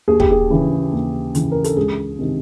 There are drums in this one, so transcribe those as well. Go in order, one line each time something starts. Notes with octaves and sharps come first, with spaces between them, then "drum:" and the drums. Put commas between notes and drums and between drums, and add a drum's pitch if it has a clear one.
D#2 G#4
G4, drum: kick
G#4
C#3 E3
D#2
C#3 E3, drum: hi-hat
A#4
A4, drum: hi-hat
C#2 G#4
C3 D#3